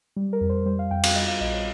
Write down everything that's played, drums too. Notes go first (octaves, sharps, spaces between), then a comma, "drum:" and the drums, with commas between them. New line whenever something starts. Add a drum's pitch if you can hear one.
G3
A#4
F2
C5
G3 C5
F5
F2 G5
F5, drum: cymbal
G3 D#5
F5
A#1 D#5
C#5